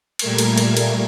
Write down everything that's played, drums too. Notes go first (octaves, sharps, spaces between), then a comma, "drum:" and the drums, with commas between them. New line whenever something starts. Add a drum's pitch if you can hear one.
A#2 G3 A3 A#4 G#6, drum: cymbal
drum: cymbal
drum: cymbal
drum: cymbal